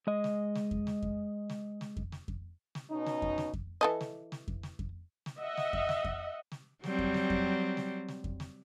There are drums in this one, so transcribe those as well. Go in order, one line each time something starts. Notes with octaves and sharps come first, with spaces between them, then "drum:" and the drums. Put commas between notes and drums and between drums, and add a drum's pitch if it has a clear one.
G#3 D#5
drum: snare
drum: snare
drum: kick F2
drum: snare
drum: kick F2
drum: snare
drum: snare
drum: kick F2
drum: snare
drum: kick F2
drum: snare
B2 C#4 D#4
drum: snare
drum: kick F2
drum: snare
drum: kick F2
E3 A4 D#5
drum: snare
drum: snare
drum: kick F2
drum: snare
drum: kick F2
drum: snare
D#5 E5 F#5
drum: snare
drum: kick F2
drum: snare
drum: kick F2
drum: snare
F#3 G3 C4, drum: snare
drum: kick F2
drum: snare
drum: kick F2
drum: snare
drum: snare
drum: kick F2
drum: snare